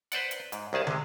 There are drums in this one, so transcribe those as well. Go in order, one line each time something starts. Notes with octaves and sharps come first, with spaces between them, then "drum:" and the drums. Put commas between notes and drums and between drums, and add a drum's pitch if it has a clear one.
B4 C5 D5 F#5, drum: hi-hat
drum: hi-hat
G#2, drum: hi-hat
C2 D#3 G#4 A5
C3 G#3, drum: tom